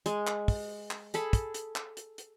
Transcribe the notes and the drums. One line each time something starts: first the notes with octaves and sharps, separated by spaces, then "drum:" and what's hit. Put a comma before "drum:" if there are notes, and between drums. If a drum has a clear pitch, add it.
G#3, drum: hi-hat
drum: clap
drum: kick, open hi-hat
drum: clap
G#4 A4 B5, drum: hi-hat
drum: kick, hi-hat
drum: hi-hat
drum: clap
drum: hi-hat
drum: hi-hat